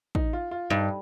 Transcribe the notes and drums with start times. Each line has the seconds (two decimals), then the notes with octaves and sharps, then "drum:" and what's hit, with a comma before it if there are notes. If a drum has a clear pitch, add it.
0.15 D#4, drum: kick
0.33 F4
0.51 F4
0.70 G2 D#4